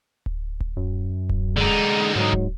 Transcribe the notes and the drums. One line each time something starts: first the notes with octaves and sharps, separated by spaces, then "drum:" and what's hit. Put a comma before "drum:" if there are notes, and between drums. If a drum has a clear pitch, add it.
drum: kick D1
drum: kick D1
F#2
drum: kick D1
D3 G#3 D#4
G#2 F#3
drum: kick D1